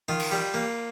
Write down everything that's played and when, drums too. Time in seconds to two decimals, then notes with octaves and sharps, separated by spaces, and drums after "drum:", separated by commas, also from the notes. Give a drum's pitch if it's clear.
0.08 D#3 F4
0.19 drum: cymbal
0.31 G3
0.54 A#3